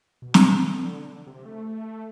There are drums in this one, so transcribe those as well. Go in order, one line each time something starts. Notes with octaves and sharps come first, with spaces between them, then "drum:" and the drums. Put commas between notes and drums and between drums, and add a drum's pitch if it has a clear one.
B2
drum: snare
D3
C3
A3